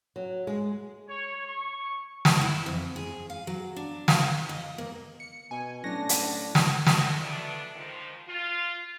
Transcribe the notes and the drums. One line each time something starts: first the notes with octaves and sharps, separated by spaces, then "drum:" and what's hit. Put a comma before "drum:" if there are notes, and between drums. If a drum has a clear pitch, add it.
F#3
G#3
C#5
C#6
drum: snare
E4
F2
G#4
F5
F#3
D4
F5, drum: snare
D#5
A#3
C#7
B2 G#5
A2 F#3 C#4 D4 A#6
drum: hi-hat
drum: snare
F3 G#3 A3 B3 E4, drum: snare
B2 A3 B3 D4
G#2 D#3 F3
F4